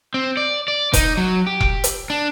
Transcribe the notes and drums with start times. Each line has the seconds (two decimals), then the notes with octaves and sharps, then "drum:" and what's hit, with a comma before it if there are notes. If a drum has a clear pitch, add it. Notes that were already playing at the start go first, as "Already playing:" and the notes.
0.14 C4
0.37 D5
0.68 D5
0.93 D#4, drum: kick E1, hi-hat
1.17 F#3
1.47 G4
1.60 drum: kick E1
1.84 drum: hi-hat
2.10 D4